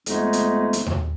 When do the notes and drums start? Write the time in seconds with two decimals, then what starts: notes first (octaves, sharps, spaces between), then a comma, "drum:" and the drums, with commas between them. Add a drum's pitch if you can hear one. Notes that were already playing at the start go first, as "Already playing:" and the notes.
0.06 F2 G#3 A3 B3 D#4, drum: hi-hat
0.33 drum: hi-hat
0.73 drum: hi-hat
0.86 drum: tom D#2